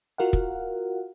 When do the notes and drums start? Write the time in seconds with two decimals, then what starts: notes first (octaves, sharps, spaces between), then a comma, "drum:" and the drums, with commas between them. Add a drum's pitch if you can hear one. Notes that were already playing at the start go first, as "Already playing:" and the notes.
0.18 F4 F#4 A#4 F5 F#5
0.33 drum: kick